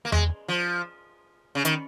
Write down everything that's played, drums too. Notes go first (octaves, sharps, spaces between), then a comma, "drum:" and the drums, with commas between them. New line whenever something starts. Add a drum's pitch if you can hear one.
A#3
G#3, drum: tom E2
F3
C#3
D#3, drum: hi-hat